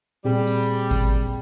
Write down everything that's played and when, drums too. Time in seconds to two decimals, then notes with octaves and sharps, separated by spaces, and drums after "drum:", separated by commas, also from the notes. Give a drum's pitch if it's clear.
0.25 A#2 G3 C4 G#4
0.47 drum: tambourine
0.91 drum: kick G#1, tambourine